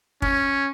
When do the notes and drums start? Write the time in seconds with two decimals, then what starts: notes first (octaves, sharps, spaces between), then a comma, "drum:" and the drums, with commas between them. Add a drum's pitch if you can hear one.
0.22 C#4, drum: kick